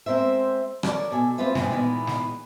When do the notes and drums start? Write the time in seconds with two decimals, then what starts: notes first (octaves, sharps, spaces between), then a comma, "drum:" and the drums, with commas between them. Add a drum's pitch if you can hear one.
0.06 G#3 C4 A#4 C5 E5
0.83 A4 A#4 C#5 D5, drum: rim click
1.11 B2 A4 G#5
1.38 G#3 C4 F4 B4 E5
1.55 G2 A#2 E3 F3 G#3, drum: snare
1.71 A#2 D#3 E3 G#3 B3
2.07 drum: snare